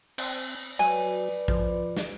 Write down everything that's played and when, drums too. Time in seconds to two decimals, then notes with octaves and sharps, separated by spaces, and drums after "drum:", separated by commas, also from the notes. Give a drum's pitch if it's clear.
0.18 C4, drum: cymbal
0.79 F#3 B4 D5 G#5
1.29 drum: tambourine
1.48 F3, drum: kick
1.97 drum: snare